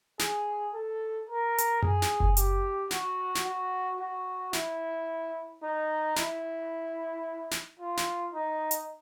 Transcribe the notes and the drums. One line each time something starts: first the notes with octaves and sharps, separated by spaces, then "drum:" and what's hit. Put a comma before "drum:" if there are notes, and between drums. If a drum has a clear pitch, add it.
G#4, drum: snare
A4
A#4
drum: hi-hat
G#4, drum: tom F#2
drum: snare
drum: kick F#1
G4, drum: hi-hat
F#4, drum: snare
drum: snare
F#4
F#4
E4, drum: snare
D#4
E4, drum: snare
drum: snare
F4
drum: snare
D#4
drum: hi-hat